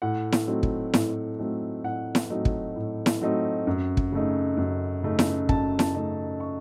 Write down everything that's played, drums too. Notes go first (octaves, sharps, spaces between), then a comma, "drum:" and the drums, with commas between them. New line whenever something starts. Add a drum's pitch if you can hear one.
A2 F#5
drum: snare E4
F#3 A3 C4 D#4
drum: kick
A2, drum: snare E4
F#3 A3 C4 D#4
A2 F#5
drum: snare E4
F#3 A3 C4 D#4
drum: kick
A2
drum: snare E4
F#3 A3 C4 D#4
F#2
drum: kick
C#3 A3 D#4
F#2
C#3 A3 D#4
drum: snare E4
F#2 A5, drum: kick
A5, drum: snare E4
C#3 A3 D#4
C#6